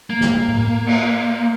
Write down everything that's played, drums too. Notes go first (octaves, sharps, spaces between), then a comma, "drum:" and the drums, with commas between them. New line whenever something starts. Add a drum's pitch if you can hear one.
A#3
drum: snare
drum: tom A2
drum: cymbal